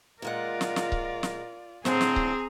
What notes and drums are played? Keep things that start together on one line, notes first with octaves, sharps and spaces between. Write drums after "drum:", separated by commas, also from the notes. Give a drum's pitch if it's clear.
A#2 G#3 F4 A#4 D5 F#5
drum: snare
drum: snare
drum: kick C#1
drum: snare
A2 D3 C4 G#4 C5 G#5 A#5, drum: snare
drum: snare
drum: kick C#1